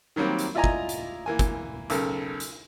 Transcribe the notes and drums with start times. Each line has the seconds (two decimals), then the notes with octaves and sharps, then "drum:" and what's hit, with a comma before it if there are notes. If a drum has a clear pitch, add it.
0.16 D#3 F#3 G3 A#3 C4
0.39 drum: hi-hat
0.55 E4 F4 D5 D#5 G#5 A#5
0.64 drum: kick
0.89 drum: hi-hat
1.26 E3 A#3 G#5
1.39 drum: kick, hi-hat
1.90 B1 C#3 A4 A#4, drum: hi-hat
2.40 drum: hi-hat